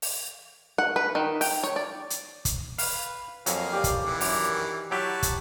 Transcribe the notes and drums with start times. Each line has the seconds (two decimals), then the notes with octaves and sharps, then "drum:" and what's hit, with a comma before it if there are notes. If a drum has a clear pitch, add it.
0.02 drum: open hi-hat
0.78 F#5
0.96 B4
1.15 D#3
1.41 G5, drum: open hi-hat
1.63 C#5
1.76 D5
2.10 drum: hi-hat
2.45 drum: kick, hi-hat
2.78 B4 F5, drum: open hi-hat
3.46 F2 F#3 A#3 G#4 F5, drum: hi-hat
3.73 G4 D5
3.84 drum: kick, hi-hat
4.06 D#3 E3
4.21 F#2 D6, drum: open hi-hat
4.91 F#3 E4 F#4 G4 A5
5.23 drum: kick, hi-hat